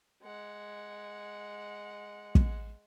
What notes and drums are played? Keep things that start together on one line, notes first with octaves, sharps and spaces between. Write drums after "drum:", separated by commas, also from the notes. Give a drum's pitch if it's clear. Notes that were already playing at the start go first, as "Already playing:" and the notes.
G#3 F#5
drum: kick